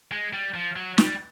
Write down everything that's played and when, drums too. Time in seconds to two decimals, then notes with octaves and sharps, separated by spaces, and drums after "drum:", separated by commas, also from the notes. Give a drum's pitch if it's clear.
0.12 G#3
0.33 G3
0.54 F3
0.76 F#3
0.98 G3, drum: snare